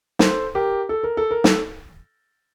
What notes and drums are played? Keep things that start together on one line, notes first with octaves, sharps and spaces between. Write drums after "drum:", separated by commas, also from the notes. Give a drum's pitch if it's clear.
A4 C5, drum: snare
G4 A#4
A4
A#4
A4
A#4
A4, drum: snare